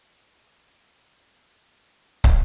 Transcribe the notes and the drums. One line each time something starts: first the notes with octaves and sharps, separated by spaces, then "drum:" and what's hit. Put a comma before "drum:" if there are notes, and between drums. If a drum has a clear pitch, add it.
B4
F#4
B4
D4 B5
G4 C5
D4
G4 C5
E4
A4 C5
E4
drum: kick